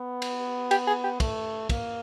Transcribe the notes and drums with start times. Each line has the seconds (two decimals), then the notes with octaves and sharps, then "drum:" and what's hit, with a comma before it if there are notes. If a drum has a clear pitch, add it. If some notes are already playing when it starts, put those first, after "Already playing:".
Already playing: B3
0.22 drum: cymbal
0.71 G4, drum: cymbal
0.87 G#4
1.04 G4
1.20 A3, drum: kick, cymbal
1.69 A#3, drum: kick, cymbal